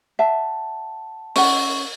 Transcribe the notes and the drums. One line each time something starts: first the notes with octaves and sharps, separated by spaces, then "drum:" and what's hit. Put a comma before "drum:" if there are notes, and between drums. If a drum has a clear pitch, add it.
E5 F#5 A5
C#4 F#5 C#6, drum: open hi-hat